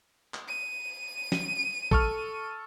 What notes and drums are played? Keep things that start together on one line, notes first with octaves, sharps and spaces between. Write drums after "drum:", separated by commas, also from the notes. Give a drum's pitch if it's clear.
drum: clap
D#7
drum: snare
A4 C#6 F6, drum: kick